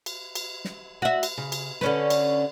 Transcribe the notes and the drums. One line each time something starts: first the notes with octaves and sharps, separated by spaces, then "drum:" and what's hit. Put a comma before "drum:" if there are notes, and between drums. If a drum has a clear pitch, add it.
drum: cymbal
drum: cymbal
drum: snare
F#4 E5
drum: cymbal
C#3
drum: cymbal
D3 C#4 B4, drum: snare
drum: cymbal